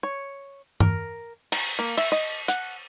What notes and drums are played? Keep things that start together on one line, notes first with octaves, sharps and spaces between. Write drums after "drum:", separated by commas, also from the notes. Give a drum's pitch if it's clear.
C#5
A#4, drum: tom G2
A#5, drum: cymbal
A#3
E5, drum: cymbal
D#5
F#5, drum: hi-hat